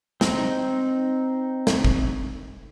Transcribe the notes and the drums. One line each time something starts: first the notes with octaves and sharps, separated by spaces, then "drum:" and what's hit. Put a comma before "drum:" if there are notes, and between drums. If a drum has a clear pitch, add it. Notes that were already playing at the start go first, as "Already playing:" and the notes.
C4 D#4, drum: snare
drum: snare
drum: kick